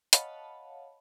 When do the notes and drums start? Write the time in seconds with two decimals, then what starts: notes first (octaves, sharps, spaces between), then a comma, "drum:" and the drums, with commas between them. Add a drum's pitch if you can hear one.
0.13 C#5 D#5 F5 F#5 A5 B5, drum: hi-hat